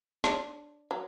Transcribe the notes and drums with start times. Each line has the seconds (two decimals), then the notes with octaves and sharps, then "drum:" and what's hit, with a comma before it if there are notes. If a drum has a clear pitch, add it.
0.24 D4, drum: snare
0.91 F#3